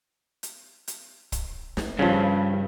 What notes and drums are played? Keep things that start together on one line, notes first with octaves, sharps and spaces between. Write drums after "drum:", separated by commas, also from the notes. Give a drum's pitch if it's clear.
drum: hi-hat
drum: hi-hat
drum: kick, hi-hat
drum: snare
G2 C#3 F3